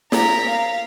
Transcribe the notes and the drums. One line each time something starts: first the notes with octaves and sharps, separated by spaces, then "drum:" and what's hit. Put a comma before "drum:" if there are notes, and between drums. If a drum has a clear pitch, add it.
A#4 B6, drum: snare
F5